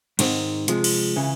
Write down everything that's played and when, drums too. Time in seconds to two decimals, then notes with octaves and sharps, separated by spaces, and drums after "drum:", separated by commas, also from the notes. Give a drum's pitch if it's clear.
0.19 G#2 D#3 G#3 C4, drum: cymbal
0.68 C3 F3 G#3, drum: hi-hat
0.84 drum: cymbal
1.16 C#3 E3